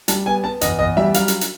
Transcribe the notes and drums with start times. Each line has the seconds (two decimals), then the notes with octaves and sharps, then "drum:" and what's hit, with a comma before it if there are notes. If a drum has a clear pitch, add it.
0.08 G3 A5, drum: hi-hat
0.26 B3 G#5
0.44 B3 A5
0.61 E2 D#5, drum: hi-hat
0.79 E2 D#5
0.97 G3 E5
1.14 F#3 F5, drum: hi-hat
1.28 drum: hi-hat
1.41 drum: hi-hat